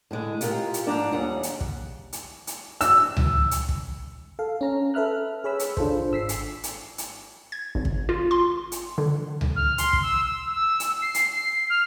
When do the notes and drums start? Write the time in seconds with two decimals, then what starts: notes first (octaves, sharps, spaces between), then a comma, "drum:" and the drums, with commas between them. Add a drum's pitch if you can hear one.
0.11 A2 D3 G#3
0.41 G#3 F4 G4 A#4, drum: hi-hat
0.74 drum: hi-hat
0.86 G#2 F3 D4 D5 A#5
1.12 D#2 G3 G#4 F#5
1.43 drum: hi-hat
1.61 drum: kick
2.13 drum: hi-hat
2.47 drum: hi-hat
2.81 E6, drum: hi-hat
3.17 drum: tom C#2
3.51 drum: hi-hat
3.69 drum: kick
4.39 A4 F5
4.61 C#4 A#5
4.94 A4 B4 E5 F6 F#6
5.44 G#4 C#5 B5 E6
5.59 drum: hi-hat
5.77 D4 F4 A4 C5, drum: kick
6.11 G#1 E6 B6 C7
6.29 drum: hi-hat
6.63 drum: hi-hat
6.98 drum: hi-hat
7.52 G#6
7.75 G#1
7.85 drum: kick
8.09 F4
8.31 C6
8.72 drum: hi-hat
8.98 D3
9.41 drum: tom C#2
9.56 F6
9.78 C6, drum: hi-hat
9.93 drum: kick
10.03 E6
10.26 E6
10.51 E6
10.80 drum: hi-hat
11.02 C7
11.14 drum: hi-hat
11.32 C7
11.70 F6